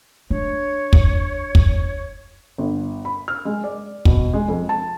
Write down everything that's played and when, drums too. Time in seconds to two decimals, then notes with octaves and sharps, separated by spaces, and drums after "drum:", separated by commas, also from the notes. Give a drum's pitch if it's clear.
0.30 D4 C#5
0.93 drum: kick
1.55 drum: kick
2.58 G1
3.05 B5
3.28 F6
3.45 G#3
3.64 D5
4.05 B2, drum: kick
4.33 G#3
4.48 F2
4.69 A5